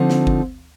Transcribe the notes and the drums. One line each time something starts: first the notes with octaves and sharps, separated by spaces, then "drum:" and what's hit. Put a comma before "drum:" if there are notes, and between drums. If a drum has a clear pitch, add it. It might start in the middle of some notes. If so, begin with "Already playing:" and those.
Already playing: D3 F3 C4 D#4
drum: snare
drum: kick G1